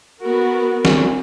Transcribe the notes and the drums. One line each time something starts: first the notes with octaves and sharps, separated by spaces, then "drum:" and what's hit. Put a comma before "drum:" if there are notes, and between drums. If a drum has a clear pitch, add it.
B3 F#4 A#4
drum: snare